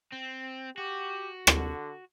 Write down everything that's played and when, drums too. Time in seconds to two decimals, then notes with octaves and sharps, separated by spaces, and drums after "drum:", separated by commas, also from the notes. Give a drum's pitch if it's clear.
0.13 C4
0.78 F#4 G4
1.47 D3, drum: rim click